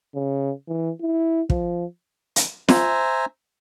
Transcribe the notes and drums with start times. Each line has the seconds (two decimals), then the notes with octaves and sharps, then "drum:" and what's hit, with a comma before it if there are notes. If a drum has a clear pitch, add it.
0.15 C#3
0.68 E3
1.01 E4
1.50 F3, drum: kick
2.36 drum: hi-hat
2.68 C5 E5 G#5 A#5, drum: snare